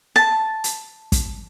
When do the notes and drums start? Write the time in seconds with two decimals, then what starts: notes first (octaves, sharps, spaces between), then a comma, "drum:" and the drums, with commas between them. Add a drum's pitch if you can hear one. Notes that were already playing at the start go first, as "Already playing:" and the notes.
0.16 A5
0.64 drum: hi-hat
1.12 drum: kick, hi-hat